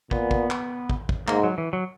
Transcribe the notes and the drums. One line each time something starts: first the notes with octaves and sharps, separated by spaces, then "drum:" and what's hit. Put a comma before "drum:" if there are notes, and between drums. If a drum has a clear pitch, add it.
A#2 B3, drum: kick
drum: kick
drum: clap
drum: kick
drum: kick
G#2 A#3, drum: clap
F#3
E3
F#3